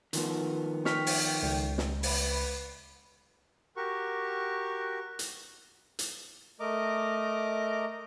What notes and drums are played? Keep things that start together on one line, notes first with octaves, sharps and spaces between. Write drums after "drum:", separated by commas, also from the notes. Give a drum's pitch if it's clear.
D#3 F3 B3, drum: hi-hat
G5 C#6 F6 B6, drum: snare
drum: open hi-hat
C#2
drum: snare
B4 B5, drum: open hi-hat
F#4 G4 A#4 C#6
drum: hi-hat
drum: hi-hat
A3 A#4 D#5 A#5 D6